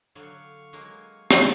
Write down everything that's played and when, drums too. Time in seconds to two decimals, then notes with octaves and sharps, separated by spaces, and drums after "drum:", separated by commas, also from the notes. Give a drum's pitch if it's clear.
0.15 D3 F#3 F5 C#6
0.73 F#3 G#3 A#3
1.31 drum: rim click